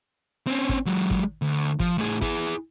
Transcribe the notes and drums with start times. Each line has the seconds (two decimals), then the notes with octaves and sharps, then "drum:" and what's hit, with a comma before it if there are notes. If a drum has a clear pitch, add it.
0.47 C4 C#4
0.69 drum: kick
0.86 F#3 G#3
1.11 drum: kick
1.42 D2
1.79 F3, drum: kick
1.98 A2 G#4
2.22 E4 G#4, drum: kick